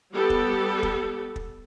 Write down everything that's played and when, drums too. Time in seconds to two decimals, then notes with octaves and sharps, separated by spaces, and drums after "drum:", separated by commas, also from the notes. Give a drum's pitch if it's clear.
0.12 G3 B3 G4 A4
0.30 drum: kick
0.83 drum: kick
1.36 drum: kick